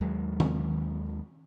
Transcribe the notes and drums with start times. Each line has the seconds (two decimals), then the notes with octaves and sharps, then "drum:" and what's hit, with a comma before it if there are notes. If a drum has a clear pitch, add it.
0.01 D#2 F#3 G#3
0.40 drum: tom D#3